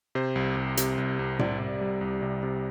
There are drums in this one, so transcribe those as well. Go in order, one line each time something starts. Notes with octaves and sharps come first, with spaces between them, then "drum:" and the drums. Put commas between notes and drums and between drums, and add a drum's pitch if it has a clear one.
C3 C5
C2
C2
C3, drum: hi-hat
C2
C2
C2 D5, drum: tom A2
C2
G3
C2
C3
C3